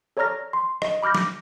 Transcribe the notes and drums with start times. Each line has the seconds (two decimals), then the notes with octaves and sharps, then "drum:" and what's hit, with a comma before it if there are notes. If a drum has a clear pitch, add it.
0.17 A4 C#5 D5 A#5 F6 A#6
0.53 C6
0.82 D#5, drum: rim click
1.02 B5 D6 F6 G6 A#6
1.15 D6, drum: snare